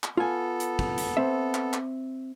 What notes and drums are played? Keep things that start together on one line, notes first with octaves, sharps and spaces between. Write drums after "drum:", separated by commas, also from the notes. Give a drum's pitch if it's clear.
drum: clap
B3 F4 A4 G#5
drum: hi-hat
drum: kick
drum: hi-hat
C4 E5
drum: clap
drum: clap